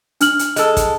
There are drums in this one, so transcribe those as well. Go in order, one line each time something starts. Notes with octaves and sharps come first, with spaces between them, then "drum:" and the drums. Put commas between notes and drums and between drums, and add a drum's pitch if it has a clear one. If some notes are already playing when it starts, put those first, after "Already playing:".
D4 F6 F#7, drum: hi-hat
drum: hi-hat
G#3 A4, drum: hi-hat
drum: kick, hi-hat